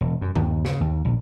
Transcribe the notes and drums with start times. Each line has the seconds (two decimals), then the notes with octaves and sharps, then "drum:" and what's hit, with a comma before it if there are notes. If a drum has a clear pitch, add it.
0.01 E1
0.21 F#2
0.35 D#2, drum: tom G2
0.65 C#3, drum: snare
0.81 D#2
1.05 A#1